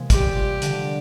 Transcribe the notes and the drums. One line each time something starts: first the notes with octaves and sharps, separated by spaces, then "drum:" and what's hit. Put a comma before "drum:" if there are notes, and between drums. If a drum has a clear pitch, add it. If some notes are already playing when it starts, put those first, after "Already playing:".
Already playing: C3 E3 G#3 A#3
G3 G4, drum: kick, hi-hat
F4
D3, drum: hi-hat